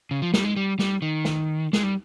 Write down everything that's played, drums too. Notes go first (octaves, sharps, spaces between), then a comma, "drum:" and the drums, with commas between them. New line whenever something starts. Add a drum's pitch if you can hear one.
C#3
F3
G3, drum: snare
G#3
G3
G3, drum: snare
D#3
drum: snare
G#3, drum: snare
G3